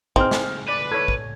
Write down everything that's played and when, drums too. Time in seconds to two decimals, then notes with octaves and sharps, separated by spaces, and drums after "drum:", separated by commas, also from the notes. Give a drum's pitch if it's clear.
0.16 C4 D#4 G#4 C5 F6, drum: kick
0.31 drum: snare
0.68 B4 D5
0.92 A4 C#5 G#6
1.08 drum: kick